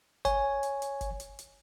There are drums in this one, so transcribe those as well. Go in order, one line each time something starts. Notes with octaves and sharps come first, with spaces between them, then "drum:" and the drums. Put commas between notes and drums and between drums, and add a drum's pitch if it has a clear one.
C#5 G#5, drum: kick, hi-hat
drum: hi-hat
drum: hi-hat
drum: kick, hi-hat
drum: hi-hat
drum: hi-hat